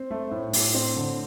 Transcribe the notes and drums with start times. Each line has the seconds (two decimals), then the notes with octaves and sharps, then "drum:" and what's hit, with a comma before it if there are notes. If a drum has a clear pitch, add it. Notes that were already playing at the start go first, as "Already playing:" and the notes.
Already playing: C4 C5
0.11 A3
0.31 A2
0.53 A2, drum: open hi-hat
0.74 C4
0.97 D3